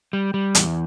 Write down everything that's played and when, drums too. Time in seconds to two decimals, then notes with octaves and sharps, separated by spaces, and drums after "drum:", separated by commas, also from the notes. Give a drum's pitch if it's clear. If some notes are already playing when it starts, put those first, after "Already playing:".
0.13 G3
0.34 G3
0.55 E2, drum: hi-hat